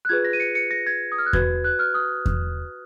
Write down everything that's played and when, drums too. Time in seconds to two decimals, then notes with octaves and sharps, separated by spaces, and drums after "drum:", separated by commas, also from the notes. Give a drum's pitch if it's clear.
0.05 F#6
0.09 F4 G#4 B4 G#6
0.24 A#6
0.33 D#7
0.40 C#7
0.55 C#7
0.71 A#6
0.87 G#6
1.12 D#6
1.18 F6
1.26 F#6
1.33 F#4 B4 G#6, drum: kick E2
1.64 F#6
1.79 F6
1.94 D#6
2.26 drum: kick E2